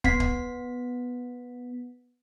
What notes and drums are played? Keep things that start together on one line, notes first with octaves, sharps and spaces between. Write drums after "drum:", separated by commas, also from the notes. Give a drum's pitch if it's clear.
B3 B6, drum: kick
drum: kick